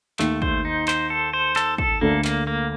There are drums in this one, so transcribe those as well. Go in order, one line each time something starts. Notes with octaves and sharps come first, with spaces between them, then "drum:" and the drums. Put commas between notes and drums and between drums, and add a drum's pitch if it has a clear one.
D#2 D#3 A3, drum: clap
C5, drum: kick
D#4
C5, drum: clap
A4
C5
A4, drum: clap
A4, drum: kick
D2 D3 A#3
A#3, drum: clap
A#3